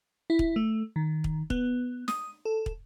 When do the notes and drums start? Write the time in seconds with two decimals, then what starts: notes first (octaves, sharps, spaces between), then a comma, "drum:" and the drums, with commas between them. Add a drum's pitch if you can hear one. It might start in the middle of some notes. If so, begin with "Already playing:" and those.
0.30 E4
0.39 drum: kick
0.56 A3
0.96 D#3
1.24 drum: kick
1.50 B3, drum: kick
2.08 D#6, drum: snare
2.45 A4
2.66 drum: kick